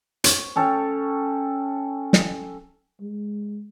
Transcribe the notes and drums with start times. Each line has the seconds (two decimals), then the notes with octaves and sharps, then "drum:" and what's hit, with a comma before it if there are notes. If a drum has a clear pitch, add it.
0.24 C#5, drum: hi-hat
0.56 C#4 A4 G5 A5
2.13 drum: snare
3.01 G#3